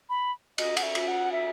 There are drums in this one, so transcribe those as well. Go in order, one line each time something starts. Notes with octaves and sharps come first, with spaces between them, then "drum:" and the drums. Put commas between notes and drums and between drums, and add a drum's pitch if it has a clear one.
B5
D#5, drum: cymbal
F#5, drum: cymbal
E5
drum: cymbal
F#5
E5